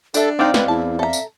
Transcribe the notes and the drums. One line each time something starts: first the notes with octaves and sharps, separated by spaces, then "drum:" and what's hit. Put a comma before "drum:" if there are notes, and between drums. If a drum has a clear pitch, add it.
G3 D4 A4 E5, drum: tambourine
G#3 C4 D#4 D5 F5 G5
B4, drum: snare
E2 E4 A5
A4 E5 A#5
drum: tambourine